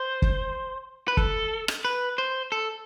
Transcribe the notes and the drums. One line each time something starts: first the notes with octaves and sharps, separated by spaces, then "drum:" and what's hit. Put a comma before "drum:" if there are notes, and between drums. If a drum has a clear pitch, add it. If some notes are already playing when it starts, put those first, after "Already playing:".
Already playing: C5
drum: kick
B4
A4, drum: kick
drum: rim click
B4
C5
A4